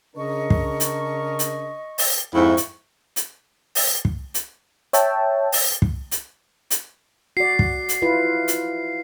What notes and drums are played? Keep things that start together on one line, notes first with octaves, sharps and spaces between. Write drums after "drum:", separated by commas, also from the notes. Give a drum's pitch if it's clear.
C#3 D4 A#4 D#5 C#6
drum: kick
drum: hi-hat
drum: hi-hat
drum: open hi-hat
F2 G#2 E4 C#6
drum: hi-hat
drum: hi-hat
drum: open hi-hat
drum: kick
drum: hi-hat
C#5 E5 G5 A5, drum: hi-hat
drum: open hi-hat
drum: kick
drum: hi-hat
drum: hi-hat
F#4 D5 C7
drum: kick
drum: hi-hat
E4 F4 B4
drum: hi-hat